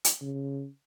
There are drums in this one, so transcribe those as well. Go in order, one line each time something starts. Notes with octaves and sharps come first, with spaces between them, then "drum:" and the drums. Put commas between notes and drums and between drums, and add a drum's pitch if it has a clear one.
drum: hi-hat
C#3